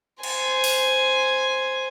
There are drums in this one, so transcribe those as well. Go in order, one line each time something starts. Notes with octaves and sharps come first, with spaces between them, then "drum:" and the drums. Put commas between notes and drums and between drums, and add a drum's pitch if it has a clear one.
C5 G#5, drum: cymbal
drum: open hi-hat